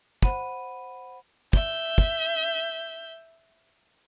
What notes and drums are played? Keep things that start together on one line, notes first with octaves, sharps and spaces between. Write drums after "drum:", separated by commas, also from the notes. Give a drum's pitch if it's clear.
C5 F#5 B5 D#7, drum: kick
E5 G6, drum: kick
drum: kick